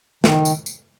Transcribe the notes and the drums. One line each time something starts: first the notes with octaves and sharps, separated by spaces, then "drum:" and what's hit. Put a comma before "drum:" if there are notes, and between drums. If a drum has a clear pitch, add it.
D#3, drum: snare
drum: tambourine
drum: tambourine